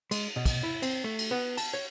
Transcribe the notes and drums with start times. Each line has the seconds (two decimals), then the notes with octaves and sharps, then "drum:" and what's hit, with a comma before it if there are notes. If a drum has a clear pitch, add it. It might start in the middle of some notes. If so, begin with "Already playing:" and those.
0.11 G#3, drum: cymbal
0.36 B2
0.45 drum: kick, cymbal
0.63 E4
0.82 C4, drum: cymbal
1.04 A3
1.19 drum: cymbal
1.31 B3
1.57 A5, drum: cymbal
1.74 C#5